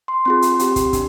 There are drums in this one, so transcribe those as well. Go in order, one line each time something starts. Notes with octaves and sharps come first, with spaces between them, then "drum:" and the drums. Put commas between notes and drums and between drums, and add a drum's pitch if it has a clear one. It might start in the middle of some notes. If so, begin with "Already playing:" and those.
C6
C4 F4 G#4 C6
drum: hi-hat
C4 G4, drum: hi-hat
drum: kick, hi-hat
D4, drum: kick, hi-hat